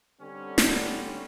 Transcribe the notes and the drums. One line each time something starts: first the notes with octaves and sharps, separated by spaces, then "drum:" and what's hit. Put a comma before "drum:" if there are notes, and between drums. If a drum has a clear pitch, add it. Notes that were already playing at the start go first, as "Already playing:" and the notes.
D3 G3 C4 C#4
drum: snare